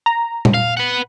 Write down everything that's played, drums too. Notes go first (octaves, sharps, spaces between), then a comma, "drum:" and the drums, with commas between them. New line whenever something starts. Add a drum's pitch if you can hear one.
A#5
drum: tom
F5
B4 F#5